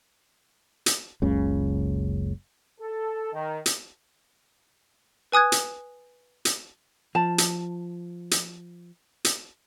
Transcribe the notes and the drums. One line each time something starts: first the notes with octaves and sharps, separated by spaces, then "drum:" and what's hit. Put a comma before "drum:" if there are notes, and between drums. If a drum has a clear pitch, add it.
drum: hi-hat
F#1 C#2 C#3
A4
D#3
drum: hi-hat
B4 G#5 D#6 F#6 G#6
drum: hi-hat
drum: hi-hat
F3 A5
drum: hi-hat
drum: hi-hat
drum: hi-hat